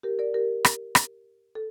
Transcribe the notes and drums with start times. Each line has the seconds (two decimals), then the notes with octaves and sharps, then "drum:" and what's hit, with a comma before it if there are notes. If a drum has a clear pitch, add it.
0.03 G4 A#4
0.19 A#4 D5
0.34 G4 A#4
0.65 drum: rim click
0.95 drum: rim click
1.55 A4